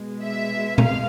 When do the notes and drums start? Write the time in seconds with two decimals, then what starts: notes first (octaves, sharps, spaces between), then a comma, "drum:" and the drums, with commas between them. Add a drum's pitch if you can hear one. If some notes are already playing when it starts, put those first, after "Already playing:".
Already playing: B2 G#3
0.23 E5
0.78 F5, drum: tom A#2